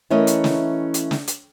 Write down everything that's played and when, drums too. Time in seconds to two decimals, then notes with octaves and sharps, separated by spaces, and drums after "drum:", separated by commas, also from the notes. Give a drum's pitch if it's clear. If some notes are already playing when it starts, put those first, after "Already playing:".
0.10 E3 A3 C#4 A#4 D#5
0.27 drum: hi-hat
0.44 drum: snare
0.94 drum: hi-hat
1.11 drum: snare
1.28 drum: hi-hat